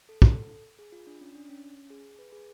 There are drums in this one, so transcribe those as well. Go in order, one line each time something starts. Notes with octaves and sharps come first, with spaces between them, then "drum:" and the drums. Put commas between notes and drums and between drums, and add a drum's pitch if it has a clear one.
A4
A4, drum: kick
G#4
F4
D4
C#4
D4
C#4
C#4
G#4
B4
G#4